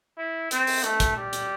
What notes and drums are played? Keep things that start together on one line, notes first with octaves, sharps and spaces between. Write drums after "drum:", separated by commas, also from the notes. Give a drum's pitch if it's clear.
E4
C4, drum: hi-hat
drum: open hi-hat
A3, drum: hi-hat
drum: kick, hi-hat
G3
drum: hi-hat